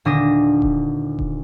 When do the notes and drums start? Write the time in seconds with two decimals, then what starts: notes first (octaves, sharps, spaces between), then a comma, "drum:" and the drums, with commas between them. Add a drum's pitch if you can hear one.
0.05 D#1 D3 D4 D#6 A#6
0.62 drum: kick D#1
1.19 drum: kick D#1